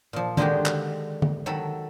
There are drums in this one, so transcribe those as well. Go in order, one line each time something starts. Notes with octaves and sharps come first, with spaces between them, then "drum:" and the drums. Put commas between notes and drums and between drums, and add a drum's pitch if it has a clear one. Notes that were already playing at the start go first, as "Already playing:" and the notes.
A#2 F3
D3 D#3 G#3 D#4 F#4 G4, drum: tom
drum: clap
drum: tom
D#3 F#3 A4 B5